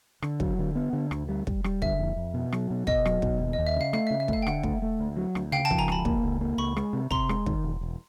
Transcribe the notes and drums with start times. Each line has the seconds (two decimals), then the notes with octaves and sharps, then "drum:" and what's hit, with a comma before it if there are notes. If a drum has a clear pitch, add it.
0.22 D3, drum: rim click
0.40 F#3, drum: kick
0.59 D3
0.75 B3
0.93 D3
1.11 D2, drum: rim click
1.28 G3
1.47 G3, drum: kick
1.64 G3, drum: rim click
1.82 D3 E5, drum: kick
1.99 F2
2.16 F2
2.34 B2
2.52 F#3, drum: rim click
2.70 B2
2.87 B2 D#5, drum: kick
3.05 F#3, drum: rim click
3.22 B2, drum: kick
3.40 D#2
3.53 D#5
3.58 D#2
3.67 E5
3.76 C#3 F5
3.93 A3 F5, drum: rim click
4.07 E5
4.11 C#3
4.20 E5
4.28 A3 F5, drum: kick
4.42 G5
4.47 D3 F#5, drum: rim click
4.63 A3, drum: kick
4.82 A3
4.99 D2
5.17 F#3
5.35 D2, drum: rim click
5.52 C#3 F5 G5
5.65 G5 A5
5.70 F3, drum: kick
5.78 G#5 A#5
5.88 C#2 A5 B5, drum: rim click
6.05 A#3, drum: kick
6.23 C#2
6.41 A#3
6.58 C#2 B5 C#6
6.76 G#3, drum: rim click
6.93 C3
7.11 C3 A#5 C6, drum: kick
7.29 G#3, drum: rim click
7.46 D#3, drum: kick
7.64 E1
7.81 E1